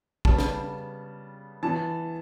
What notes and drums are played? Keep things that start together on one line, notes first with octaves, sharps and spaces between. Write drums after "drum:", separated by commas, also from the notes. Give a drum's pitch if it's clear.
C#3 G3 B3 A5, drum: kick
drum: snare
E3 B3 A5